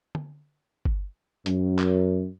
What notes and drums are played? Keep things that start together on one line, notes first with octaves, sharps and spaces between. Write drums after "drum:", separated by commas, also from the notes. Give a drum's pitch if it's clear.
drum: tom
drum: kick G1
F#2, drum: hi-hat
drum: clap